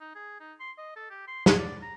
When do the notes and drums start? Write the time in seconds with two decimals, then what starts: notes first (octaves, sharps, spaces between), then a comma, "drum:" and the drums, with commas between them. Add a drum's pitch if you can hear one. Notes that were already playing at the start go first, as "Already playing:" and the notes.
0.01 D#4
0.15 G#4
0.40 D#4
0.60 C6
0.78 D#5
0.96 A4
1.10 G4
1.28 C6
1.46 G#4, drum: snare
1.59 D5
1.82 A#5